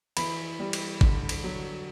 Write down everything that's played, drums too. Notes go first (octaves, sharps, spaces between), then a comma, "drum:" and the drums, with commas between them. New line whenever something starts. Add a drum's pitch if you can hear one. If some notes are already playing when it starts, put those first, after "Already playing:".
E3 B5, drum: cymbal
G3
drum: cymbal
D3, drum: kick G#1
drum: cymbal
F#3